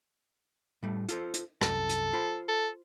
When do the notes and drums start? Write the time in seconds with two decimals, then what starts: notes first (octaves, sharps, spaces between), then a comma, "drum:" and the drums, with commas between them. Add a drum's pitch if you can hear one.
0.83 A2 G3 A3
1.09 F4 A4 C5, drum: hi-hat
1.34 drum: hi-hat
1.61 C2 F#2 A4, drum: rim click
1.89 drum: hi-hat
2.13 F4 C5 B5
2.48 A4